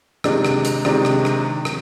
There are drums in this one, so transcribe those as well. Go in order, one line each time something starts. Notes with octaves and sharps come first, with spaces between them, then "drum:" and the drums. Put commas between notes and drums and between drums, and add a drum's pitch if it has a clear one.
C3 D#3 G#3 D4, drum: rim click
drum: rim click
drum: hi-hat
C3 D#3 G#3 D4, drum: rim click
drum: rim click
drum: rim click
drum: rim click